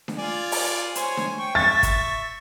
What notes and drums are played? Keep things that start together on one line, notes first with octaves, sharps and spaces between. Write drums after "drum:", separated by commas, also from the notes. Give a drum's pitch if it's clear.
drum: snare D4
F4 D5 G#5
drum: open hi-hat
C5 C#5 G#5, drum: hi-hat
drum: snare D4
G5 C#6
E5 C#6 A6
drum: kick, hi-hat